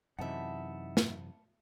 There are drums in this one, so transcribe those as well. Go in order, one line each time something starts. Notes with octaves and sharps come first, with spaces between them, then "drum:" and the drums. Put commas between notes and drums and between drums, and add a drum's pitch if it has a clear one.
F#2 C3 E3 D#4 E5 F#5 A5 B5
drum: snare